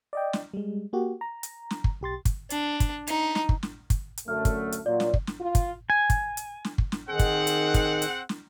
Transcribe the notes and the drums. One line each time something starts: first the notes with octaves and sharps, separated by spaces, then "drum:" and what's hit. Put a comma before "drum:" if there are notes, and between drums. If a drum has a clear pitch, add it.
D5 D#5 G5
drum: snare
G3 G#3
A#3 F#4 G4
A#5
drum: hi-hat
drum: snare
drum: kick
B1 G4 C6 A6
drum: kick, hi-hat
D4, drum: hi-hat
drum: kick, hi-hat
D#4, drum: hi-hat
drum: snare
drum: kick
drum: snare
drum: kick, hi-hat
drum: hi-hat
F#2 D3 A3 F6
drum: kick, hi-hat
drum: hi-hat
A#2 F#3 F4 D5
drum: snare
drum: kick
drum: snare
F4
drum: kick, hi-hat
G#5
drum: kick, hi-hat
drum: hi-hat
drum: snare
drum: kick
drum: snare
D#3 C4 G#4 F#5
drum: kick, hi-hat
drum: hi-hat
drum: kick, hi-hat
drum: hi-hat
drum: snare